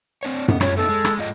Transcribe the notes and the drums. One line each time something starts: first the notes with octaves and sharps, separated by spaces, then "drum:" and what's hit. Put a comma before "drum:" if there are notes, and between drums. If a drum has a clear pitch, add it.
C4 D4 C#5
B3, drum: tom F#2
G3 C#4 F4 C#5, drum: rim click
A3 B3 D#4 A4
G#3
drum: rim click
G#2 F4 D#5